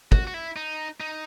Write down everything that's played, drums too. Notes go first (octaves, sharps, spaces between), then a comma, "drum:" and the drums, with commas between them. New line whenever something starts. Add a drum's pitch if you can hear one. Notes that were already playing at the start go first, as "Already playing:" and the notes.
F#4, drum: kick
F#4
E4
D#4
D#4